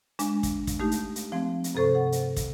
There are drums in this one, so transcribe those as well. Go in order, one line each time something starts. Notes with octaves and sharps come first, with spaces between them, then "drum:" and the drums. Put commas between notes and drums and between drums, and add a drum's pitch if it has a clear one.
G#3 D4, drum: hi-hat
drum: kick, hi-hat
drum: kick, hi-hat
A3 D#4 G4
drum: hi-hat
drum: hi-hat
F3 A3 C4
drum: hi-hat
G2 C3 A4 C5 C#6
F#5
drum: hi-hat
drum: kick, hi-hat